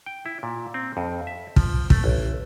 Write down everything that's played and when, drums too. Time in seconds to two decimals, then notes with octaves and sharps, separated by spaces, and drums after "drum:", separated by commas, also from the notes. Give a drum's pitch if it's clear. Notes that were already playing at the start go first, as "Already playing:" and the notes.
0.06 G5
0.26 E4
0.43 A#2
0.74 C4
0.97 F2
1.27 E5
1.56 F3, drum: kick
1.90 A3, drum: kick
2.04 A1